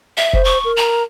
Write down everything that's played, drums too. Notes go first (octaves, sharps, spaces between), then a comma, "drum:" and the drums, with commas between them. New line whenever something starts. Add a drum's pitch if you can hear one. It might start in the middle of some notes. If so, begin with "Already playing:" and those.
E5
C5, drum: kick
C#6
A#4
A#5